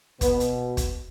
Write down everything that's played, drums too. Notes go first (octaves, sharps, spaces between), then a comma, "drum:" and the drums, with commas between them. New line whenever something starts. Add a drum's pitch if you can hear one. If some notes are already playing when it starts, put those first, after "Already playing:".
B2 B3, drum: kick, hi-hat
drum: hi-hat
drum: kick, hi-hat